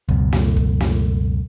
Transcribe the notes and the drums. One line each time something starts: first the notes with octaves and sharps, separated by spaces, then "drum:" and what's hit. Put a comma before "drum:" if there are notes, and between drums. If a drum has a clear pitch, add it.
C#2 F#2 B2, drum: kick
drum: snare
drum: kick
drum: snare